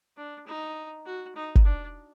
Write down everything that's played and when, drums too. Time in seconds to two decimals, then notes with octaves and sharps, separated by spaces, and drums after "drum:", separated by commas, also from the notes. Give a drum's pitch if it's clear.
0.17 D4
0.46 D#4
1.06 F#4
1.36 D#4
1.55 drum: kick
1.64 D4